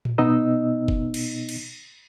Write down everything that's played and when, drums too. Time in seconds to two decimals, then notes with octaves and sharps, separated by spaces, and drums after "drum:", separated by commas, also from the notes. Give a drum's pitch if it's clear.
0.05 drum: tom A2
0.18 B2 B3 D#4 D#5 E6
0.88 drum: kick F#1
1.14 drum: cymbal
1.49 drum: cymbal